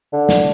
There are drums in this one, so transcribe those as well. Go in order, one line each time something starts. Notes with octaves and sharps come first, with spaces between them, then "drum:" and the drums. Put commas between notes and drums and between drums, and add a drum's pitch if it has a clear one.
D3
drum: snare